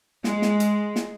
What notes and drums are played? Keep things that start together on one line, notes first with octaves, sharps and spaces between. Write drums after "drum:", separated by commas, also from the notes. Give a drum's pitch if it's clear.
G#3, drum: snare
drum: snare
drum: hi-hat
drum: snare